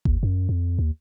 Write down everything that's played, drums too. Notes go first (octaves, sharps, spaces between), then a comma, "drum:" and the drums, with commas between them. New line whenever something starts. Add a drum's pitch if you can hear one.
D#2, drum: kick G1
F#2
F2
D#2